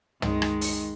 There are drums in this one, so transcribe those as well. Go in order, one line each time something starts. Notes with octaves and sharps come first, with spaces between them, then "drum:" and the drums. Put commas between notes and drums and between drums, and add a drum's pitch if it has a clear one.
D#3 G#3, drum: tom
drum: rim click
drum: open hi-hat